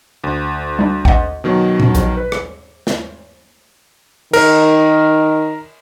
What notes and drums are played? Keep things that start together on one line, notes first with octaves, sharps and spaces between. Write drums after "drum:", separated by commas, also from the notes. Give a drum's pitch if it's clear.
D2
G3 D4
D#5 F#5, drum: kick A1
B2 D#3 F#3
drum: tom A#2
A#1, drum: hi-hat
B4
drum: rim click
drum: snare
D#3 A#4, drum: cymbal